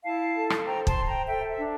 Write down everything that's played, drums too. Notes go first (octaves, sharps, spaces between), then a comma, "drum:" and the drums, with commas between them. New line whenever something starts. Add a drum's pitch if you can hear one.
E4 F5 A5
A4
drum: rim click
C5 G5 A#5
A5 C6, drum: kick
C5
G5 A#5
A4 E5 G5
E5
D4